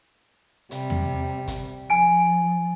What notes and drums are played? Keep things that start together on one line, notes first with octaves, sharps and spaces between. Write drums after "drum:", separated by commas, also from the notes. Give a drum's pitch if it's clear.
C3 G3, drum: hi-hat
drum: tom E2
drum: kick, hi-hat
F3 G#5 D7